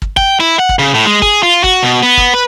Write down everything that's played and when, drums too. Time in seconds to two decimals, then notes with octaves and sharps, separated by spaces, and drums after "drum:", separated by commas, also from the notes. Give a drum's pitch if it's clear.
0.02 drum: kick
0.17 G5, drum: kick
0.40 E4
0.59 F#5
0.69 drum: kick
0.79 C#3
0.94 A2
1.06 G#3
1.22 G#4, drum: kick
1.43 F4
1.64 F#4, drum: kick
1.83 B2
2.03 B3
2.17 drum: kick
2.34 B4